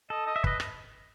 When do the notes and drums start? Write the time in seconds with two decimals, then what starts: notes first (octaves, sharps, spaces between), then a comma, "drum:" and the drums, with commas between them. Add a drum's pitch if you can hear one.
0.10 A4 D#5
0.27 D#5
0.36 E5
0.44 B4 D#5, drum: kick
0.60 drum: rim click